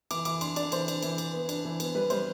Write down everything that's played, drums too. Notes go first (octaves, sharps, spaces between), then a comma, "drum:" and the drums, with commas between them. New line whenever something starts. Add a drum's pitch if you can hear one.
E3 D6, drum: cymbal
E3 D6, drum: cymbal
D4 C6, drum: cymbal
D4 D5, drum: cymbal
E3 C5, drum: cymbal
D4, drum: cymbal
E3, drum: cymbal
E3, drum: cymbal
B3
D4, drum: cymbal
E3
B3, drum: cymbal
G3 B4
G3 C5, drum: cymbal